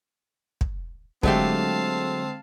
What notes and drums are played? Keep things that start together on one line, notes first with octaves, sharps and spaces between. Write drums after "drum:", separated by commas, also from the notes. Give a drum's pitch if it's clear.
drum: kick
D3 F#3 G#3 A3 C4 G4 F5 A5, drum: kick